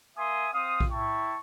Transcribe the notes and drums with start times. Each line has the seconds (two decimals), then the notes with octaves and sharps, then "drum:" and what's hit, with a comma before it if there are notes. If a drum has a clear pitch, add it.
0.17 A#3 E5 G#5 C6 D#6
0.53 C4 F5 D#6
0.80 drum: kick A#1
0.91 E4 G5 A5 C#6